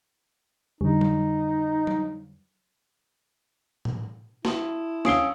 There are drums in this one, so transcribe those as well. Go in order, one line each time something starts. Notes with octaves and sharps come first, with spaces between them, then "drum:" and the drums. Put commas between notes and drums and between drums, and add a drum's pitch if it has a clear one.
F2 D3 G3 D#4
drum: tom F#3
drum: tom F#3
drum: tom A2
E4 A5 C6 D#6, drum: snare
C#4 F5 D#6 E6 C7 D7 F#7 G7, drum: snare